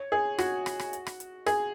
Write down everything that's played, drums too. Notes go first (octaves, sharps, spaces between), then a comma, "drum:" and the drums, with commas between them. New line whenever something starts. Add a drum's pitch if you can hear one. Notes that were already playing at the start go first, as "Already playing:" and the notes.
Already playing: C#5
G#4
F#4, drum: rim click
drum: rim click
drum: rim click
drum: hi-hat
drum: rim click
drum: hi-hat
G#4, drum: rim click